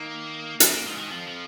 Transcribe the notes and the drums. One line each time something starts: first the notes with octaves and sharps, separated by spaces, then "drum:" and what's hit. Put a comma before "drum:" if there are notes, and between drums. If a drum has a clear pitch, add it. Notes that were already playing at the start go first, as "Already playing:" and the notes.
Already playing: D#3 A#3
C#3 F3, drum: hi-hat
A#2 A#3
G#2 F3
G#2 D#3
F2 F3
F3